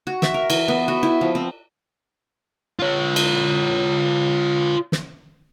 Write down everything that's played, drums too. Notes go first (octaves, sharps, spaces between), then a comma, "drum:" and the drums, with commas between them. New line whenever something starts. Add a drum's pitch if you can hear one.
F#4
E5, drum: snare
A#4
E3, drum: cymbal
B3
F#4
E4
F3
C4
F4 C#5
drum: cymbal
drum: snare